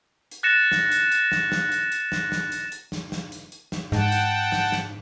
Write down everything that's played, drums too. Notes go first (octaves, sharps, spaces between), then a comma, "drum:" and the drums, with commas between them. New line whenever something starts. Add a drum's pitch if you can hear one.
drum: hi-hat
F#6 A6 A#6 C#7 E7
drum: snare
drum: hi-hat
drum: hi-hat
drum: snare
drum: snare
drum: hi-hat
drum: hi-hat
drum: snare
drum: snare
drum: hi-hat
drum: hi-hat
drum: snare
drum: snare
drum: hi-hat
drum: hi-hat
drum: snare
G#2 F#5 G5 A5, drum: snare
drum: hi-hat
drum: snare
drum: snare